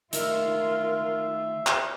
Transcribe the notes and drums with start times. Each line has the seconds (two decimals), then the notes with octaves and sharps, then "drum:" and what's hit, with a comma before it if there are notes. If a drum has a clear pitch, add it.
0.13 D#3 A3 D#4 F4 A#4 E5, drum: hi-hat
1.67 drum: clap